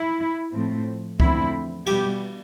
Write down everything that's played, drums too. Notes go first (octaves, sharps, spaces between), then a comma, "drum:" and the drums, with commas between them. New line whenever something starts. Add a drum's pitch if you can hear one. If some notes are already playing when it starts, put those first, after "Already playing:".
Already playing: E4
A2 F3 A3 C4
E2 D3 F3 A3 C4 E4, drum: kick C#2
B2 G3 B3 G4, drum: cymbal